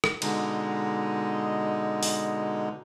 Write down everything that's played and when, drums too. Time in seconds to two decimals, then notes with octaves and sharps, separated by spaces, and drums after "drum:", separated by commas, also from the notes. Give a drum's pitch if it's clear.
0.04 drum: rim click
0.22 B2 D3 G#3 D#4, drum: cymbal
2.03 drum: open hi-hat